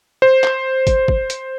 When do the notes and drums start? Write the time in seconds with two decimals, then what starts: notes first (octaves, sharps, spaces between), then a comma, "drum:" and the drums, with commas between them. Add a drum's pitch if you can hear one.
0.22 C5
0.44 drum: clap
0.87 drum: kick, hi-hat
1.08 drum: kick
1.30 drum: hi-hat